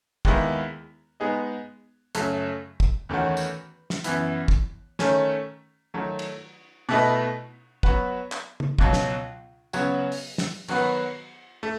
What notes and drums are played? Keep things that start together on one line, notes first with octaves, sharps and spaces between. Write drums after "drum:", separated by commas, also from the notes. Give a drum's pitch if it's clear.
D#2 D#3 G#3 B3 E4, drum: kick
G#3 B3 D#4 G#4 D#5
F#2 C#3 F#3 A3, drum: hi-hat
drum: kick
E2 D#3 A3 C#4 F#4
drum: tambourine
drum: snare
F#2 E3 B3 E4, drum: hi-hat
drum: kick
D#3 A3 C#4, drum: snare
D#3 F#3 A3
drum: cymbal
B2 A3 E4 B4 D#5
F#3 B3 F#4 B4, drum: kick
drum: clap
drum: tom
C#2 B2 F#3, drum: kick
drum: snare
C#3 F#3 B3 F#4 C#5, drum: tambourine
drum: open hi-hat
drum: snare
D#3 F#3 B3 F#4 B4, drum: cymbal
A3